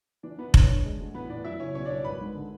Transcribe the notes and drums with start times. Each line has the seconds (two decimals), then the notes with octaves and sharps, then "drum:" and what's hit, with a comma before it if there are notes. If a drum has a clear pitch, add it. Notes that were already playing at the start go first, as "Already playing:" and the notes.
0.23 E3 D4 D5
0.38 E3 B3 B4
0.54 C#4 D4 C#5, drum: kick F1
0.69 D4
0.85 G#3
1.00 D2
1.14 A1 B3 B4
1.29 A2 D4 D5
1.44 F#2 E4 E5
1.60 C#3 C#4 C#5
1.75 B1 C#4 C#5
1.85 D4 D5
1.90 B1
2.04 G#1 B4 B5
2.20 G#2
2.35 D3